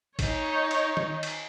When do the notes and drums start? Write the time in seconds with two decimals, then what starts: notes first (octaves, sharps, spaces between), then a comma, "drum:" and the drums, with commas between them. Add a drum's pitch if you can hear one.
0.19 D#4 C#5, drum: kick, cymbal
0.71 drum: cymbal
0.97 drum: tom D#3
1.23 drum: cymbal